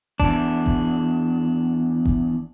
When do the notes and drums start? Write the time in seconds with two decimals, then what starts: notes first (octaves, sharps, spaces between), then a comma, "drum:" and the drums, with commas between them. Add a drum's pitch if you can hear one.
0.20 E2 D4, drum: kick F#1
0.66 drum: kick F#1
2.05 drum: kick F#1